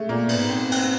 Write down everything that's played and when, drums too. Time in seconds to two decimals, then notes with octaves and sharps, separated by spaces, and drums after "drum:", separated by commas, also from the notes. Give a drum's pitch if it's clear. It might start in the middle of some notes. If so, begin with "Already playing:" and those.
Already playing: G#3 A3
0.09 A#2 A#3
0.29 G#2 B3, drum: cymbal
0.50 C4
0.72 C4, drum: cymbal